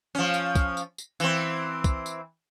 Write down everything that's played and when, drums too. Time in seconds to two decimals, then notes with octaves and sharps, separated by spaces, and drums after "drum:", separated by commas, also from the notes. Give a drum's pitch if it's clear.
0.15 F3 C#4
0.34 drum: tambourine
0.55 drum: kick, tambourine
0.77 drum: tambourine
0.98 drum: tambourine
1.20 E3 C4, drum: tambourine
1.84 drum: kick, tambourine
2.06 drum: tambourine